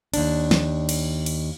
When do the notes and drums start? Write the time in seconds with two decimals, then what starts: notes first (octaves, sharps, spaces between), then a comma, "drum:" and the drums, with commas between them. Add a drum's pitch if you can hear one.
0.14 D#2 D4, drum: cymbal
0.51 drum: snare
0.89 drum: cymbal
1.26 drum: cymbal